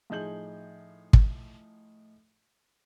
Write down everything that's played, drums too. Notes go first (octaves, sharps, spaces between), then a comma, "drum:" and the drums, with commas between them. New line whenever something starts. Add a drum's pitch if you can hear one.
A2 F3 D#4 G#4 G6 F#7
drum: kick